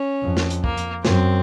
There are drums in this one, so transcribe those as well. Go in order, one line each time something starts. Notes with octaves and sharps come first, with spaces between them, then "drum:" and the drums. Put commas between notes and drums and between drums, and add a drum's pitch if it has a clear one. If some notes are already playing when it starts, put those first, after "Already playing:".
Already playing: C#4
F2
drum: snare
drum: hi-hat
A#3, drum: kick
drum: hi-hat
F#2 C4, drum: snare